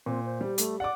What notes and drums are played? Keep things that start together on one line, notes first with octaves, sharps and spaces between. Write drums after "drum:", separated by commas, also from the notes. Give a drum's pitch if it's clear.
A#2 C4
C5
G3
A3, drum: hi-hat
D5 F#5 D6